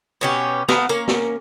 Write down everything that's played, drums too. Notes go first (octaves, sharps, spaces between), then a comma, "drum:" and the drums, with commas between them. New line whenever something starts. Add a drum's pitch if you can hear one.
B2 C#4 G4
A3 B3 F5 A#5, drum: snare
A#3 C#4, drum: tambourine
drum: snare